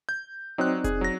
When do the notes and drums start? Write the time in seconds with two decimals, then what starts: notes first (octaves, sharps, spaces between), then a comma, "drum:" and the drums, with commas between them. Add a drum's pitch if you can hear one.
0.09 G6
0.58 F#3 C4 D#4 D5 F#6
0.84 G#4, drum: kick F1, hi-hat
1.01 F#3 A#6